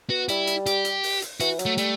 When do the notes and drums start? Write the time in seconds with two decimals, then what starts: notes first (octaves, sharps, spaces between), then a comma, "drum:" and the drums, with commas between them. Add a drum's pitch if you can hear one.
0.09 B3 F#4
0.28 G3 E4, drum: hi-hat
0.47 drum: hi-hat
0.66 G4, drum: hi-hat
0.85 drum: hi-hat
1.03 drum: open hi-hat
1.22 drum: hi-hat
1.40 E3 F#4, drum: hi-hat
1.59 F#3, drum: hi-hat
1.65 A3
1.78 G3 A3, drum: hi-hat